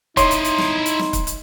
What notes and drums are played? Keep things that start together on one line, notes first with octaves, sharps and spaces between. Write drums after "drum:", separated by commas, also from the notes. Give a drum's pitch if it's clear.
D#4 E4 C#5 D#5 C6, drum: kick, hi-hat
drum: hi-hat
drum: hi-hat
drum: snare
drum: hi-hat
drum: snare
drum: kick, hi-hat
drum: hi-hat